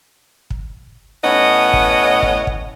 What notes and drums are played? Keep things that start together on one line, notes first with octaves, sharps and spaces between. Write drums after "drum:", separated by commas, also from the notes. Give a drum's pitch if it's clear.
drum: kick
A2 B3 C#4 C#5 D#5
drum: kick
drum: kick
drum: kick